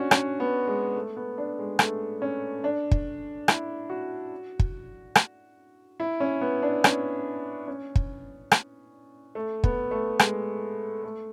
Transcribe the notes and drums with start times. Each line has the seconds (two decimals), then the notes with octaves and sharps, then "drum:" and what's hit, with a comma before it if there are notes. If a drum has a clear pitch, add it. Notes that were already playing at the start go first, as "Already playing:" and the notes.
Already playing: C#4 D4 F#4
0.11 C#4, drum: rim click
0.40 B3
0.67 G#3
0.96 A3
1.17 B3
1.38 D4
1.59 G#3
1.79 A3, drum: rim click
2.22 C#4
2.64 D4
2.91 drum: kick
3.48 E4, drum: rim click
3.90 F#4
4.59 drum: kick
5.15 drum: rim click
6.00 E4
6.20 C#4
6.41 B3
6.63 D4
6.84 C#4, drum: rim click
7.68 C#4
7.95 drum: kick
8.51 drum: rim click
9.35 A3
9.64 B3, drum: kick
9.91 A3
10.19 G#3, drum: rim click
11.04 A3